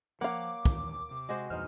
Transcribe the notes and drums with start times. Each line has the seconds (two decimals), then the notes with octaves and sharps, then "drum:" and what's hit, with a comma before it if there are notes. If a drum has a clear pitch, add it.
0.21 F3 A#3 C#5 F5 F#5 D6
0.65 D2 D#3 E3, drum: kick
1.11 C3
1.29 G#3 F#4 C5
1.50 E2 G2 A#2 B3 D#4 C5 F6